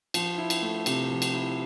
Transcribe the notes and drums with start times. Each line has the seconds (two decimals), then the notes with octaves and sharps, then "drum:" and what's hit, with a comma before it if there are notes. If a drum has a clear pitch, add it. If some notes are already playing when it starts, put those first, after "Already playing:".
0.14 F3, drum: cymbal
0.38 E4
0.50 drum: cymbal
0.62 A3
0.86 C3, drum: cymbal
1.10 F3
1.22 drum: cymbal
1.34 E4